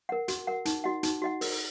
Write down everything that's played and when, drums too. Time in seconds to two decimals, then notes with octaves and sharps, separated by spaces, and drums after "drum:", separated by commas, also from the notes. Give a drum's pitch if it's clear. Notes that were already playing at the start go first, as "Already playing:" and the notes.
0.09 A#4 F#5
0.28 F#4, drum: hi-hat
0.47 A#4 F#5
0.65 D#4, drum: hi-hat
0.84 F#4 D#5 F#5
1.03 D#4, drum: hi-hat
1.22 F#4 D#5 F#5
1.41 A#4, drum: open hi-hat